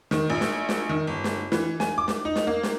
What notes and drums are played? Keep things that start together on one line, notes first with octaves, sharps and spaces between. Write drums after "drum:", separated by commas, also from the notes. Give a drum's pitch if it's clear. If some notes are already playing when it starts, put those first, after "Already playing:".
D#3, drum: snare
A#1
drum: snare
drum: snare
D#3
G1
drum: snare
E3, drum: snare
G#5, drum: snare
D6
drum: snare
D#4
drum: snare
A#3
drum: snare